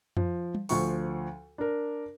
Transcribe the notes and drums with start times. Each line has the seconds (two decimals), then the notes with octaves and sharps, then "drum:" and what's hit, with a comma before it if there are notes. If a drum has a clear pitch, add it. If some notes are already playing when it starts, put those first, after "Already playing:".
0.17 F3, drum: tom F2
0.55 drum: tom G3
0.69 D2 F3 C#6, drum: open hi-hat
1.58 D4 A#4